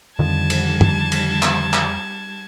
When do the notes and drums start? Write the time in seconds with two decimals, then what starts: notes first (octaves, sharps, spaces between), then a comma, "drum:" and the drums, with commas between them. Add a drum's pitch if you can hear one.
0.19 F2 D3 D#3 F3 G3 A5 G#6
0.50 drum: cymbal
0.81 drum: tom
1.12 drum: cymbal
1.43 drum: clap
1.73 drum: clap